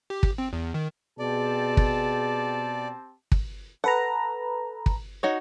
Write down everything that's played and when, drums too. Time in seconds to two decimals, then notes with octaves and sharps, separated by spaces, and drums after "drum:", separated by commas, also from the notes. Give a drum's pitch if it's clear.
0.10 G4
0.23 drum: kick
0.38 C4
0.53 E2
0.74 D#3
1.19 B2 C4 G4 G#4 D5 A5
1.77 drum: kick
3.32 drum: kick
3.84 A4 B4 F#5 A#5
4.86 drum: kick
5.23 D#4 F#4 C#5